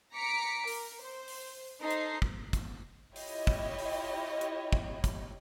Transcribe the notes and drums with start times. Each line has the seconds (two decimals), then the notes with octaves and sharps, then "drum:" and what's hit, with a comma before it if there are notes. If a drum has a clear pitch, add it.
0.13 A#5 D6 B6 C#7 D7
0.67 A#4, drum: open hi-hat
1.01 C5
1.28 drum: open hi-hat
1.81 D#4 A4 C5 C7
1.91 drum: hi-hat
2.22 drum: kick
2.53 drum: kick, hi-hat
3.16 E4 F4 G4 C#5 D#5, drum: open hi-hat
3.47 drum: kick
3.79 drum: open hi-hat
4.41 drum: hi-hat
4.73 drum: kick
5.04 drum: kick, hi-hat